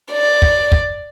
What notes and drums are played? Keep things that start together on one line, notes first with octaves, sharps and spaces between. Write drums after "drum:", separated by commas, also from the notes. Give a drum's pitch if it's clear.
D5
drum: kick
drum: kick